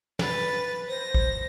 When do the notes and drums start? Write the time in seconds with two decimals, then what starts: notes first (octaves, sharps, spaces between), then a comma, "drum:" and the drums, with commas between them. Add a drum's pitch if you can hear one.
0.19 B4 A6, drum: snare
0.88 C5 A#6
1.14 drum: kick A#1